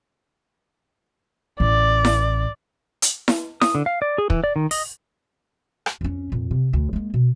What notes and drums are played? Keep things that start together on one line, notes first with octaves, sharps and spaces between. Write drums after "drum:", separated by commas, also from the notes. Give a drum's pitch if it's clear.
A1 D5
drum: snare E4
drum: hi-hat
drum: snare E4
D#6, drum: snare E4
D3
F5
D5
G#4
E3, drum: kick
D5
D#3
D#5, drum: open hi-hat
drum: rim click
F2 C#4
F2 A#2
C3
D2
G#3 A#3
B2